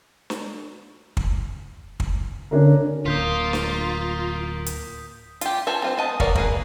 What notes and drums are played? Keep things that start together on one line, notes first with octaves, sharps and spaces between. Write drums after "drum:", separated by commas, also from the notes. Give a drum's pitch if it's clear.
drum: snare
drum: kick
drum: kick
D3 C#4 D4 A#4
D1 A#3 F4 D#6 G6 B6
drum: snare
drum: hi-hat
F4 G4, drum: hi-hat
F4 A4 C5 G#5
C4 F4 C5
B3 D#5 A5
A#4 C#5 D5 F5, drum: kick
A#3 G#4 B4, drum: kick